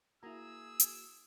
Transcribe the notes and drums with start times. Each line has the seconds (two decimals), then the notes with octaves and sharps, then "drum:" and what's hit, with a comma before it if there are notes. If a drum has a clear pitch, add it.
0.23 A#3 E4 F#4 G#4 A#5 E6
0.80 drum: hi-hat